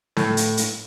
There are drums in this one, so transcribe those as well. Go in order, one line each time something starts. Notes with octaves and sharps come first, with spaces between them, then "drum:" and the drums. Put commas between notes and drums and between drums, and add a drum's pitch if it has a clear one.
A2, drum: snare
drum: hi-hat
drum: hi-hat